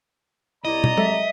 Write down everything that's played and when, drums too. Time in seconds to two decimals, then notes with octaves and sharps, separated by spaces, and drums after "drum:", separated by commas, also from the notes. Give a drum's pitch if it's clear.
0.65 C2 E4 D5 D#5 A#5
0.84 drum: tom
0.97 F#3 G#3 A4 E5